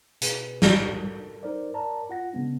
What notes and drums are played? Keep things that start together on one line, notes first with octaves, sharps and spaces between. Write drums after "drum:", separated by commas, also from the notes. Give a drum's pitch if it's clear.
B2 G#4 B4, drum: hi-hat
drum: snare
A4 A#4
D#4 A#4 C5 D5
A#4 C#5 D5 A5 A#5
F4 F#5 A#6
C#3 G#3 B3 D4